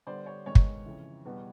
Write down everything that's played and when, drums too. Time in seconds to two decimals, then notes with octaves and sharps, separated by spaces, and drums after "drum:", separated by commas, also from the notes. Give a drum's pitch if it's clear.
0.06 D3 G3 B3 C5 D5
0.26 C#5
0.46 G#2 D#3 G#3 B3 C#5
0.55 drum: kick
0.85 F2 C#3 E3
1.25 E2 B2 G3 B3